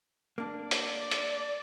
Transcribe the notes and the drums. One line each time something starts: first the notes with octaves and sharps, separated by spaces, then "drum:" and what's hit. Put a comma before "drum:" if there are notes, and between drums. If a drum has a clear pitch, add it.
A#3 D4
D5, drum: hi-hat
drum: hi-hat